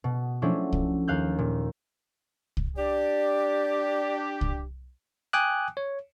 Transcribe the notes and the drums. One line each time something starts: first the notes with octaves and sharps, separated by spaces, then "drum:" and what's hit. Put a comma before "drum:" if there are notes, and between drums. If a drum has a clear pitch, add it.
B2
F3 F#3 A3 C#4 D4 E4
drum: kick C2
D#2 F5 F#6 G6
A#2
drum: kick C2
D4 G4 D5
drum: kick C2
G5 G#5 D6 D#6 F#6
C#5